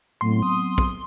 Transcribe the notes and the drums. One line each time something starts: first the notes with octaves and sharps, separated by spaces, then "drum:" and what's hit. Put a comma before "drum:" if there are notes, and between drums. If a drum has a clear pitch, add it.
A2 F#3 B3 C4 C6
D#6
drum: kick